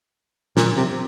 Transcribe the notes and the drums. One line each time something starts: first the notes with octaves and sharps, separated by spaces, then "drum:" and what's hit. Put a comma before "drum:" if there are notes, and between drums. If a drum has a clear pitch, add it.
A#2, drum: snare
C3